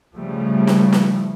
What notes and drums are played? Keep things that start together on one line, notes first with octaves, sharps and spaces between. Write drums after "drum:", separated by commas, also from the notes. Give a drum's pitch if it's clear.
C#3 F3 G3 A3
drum: snare
drum: snare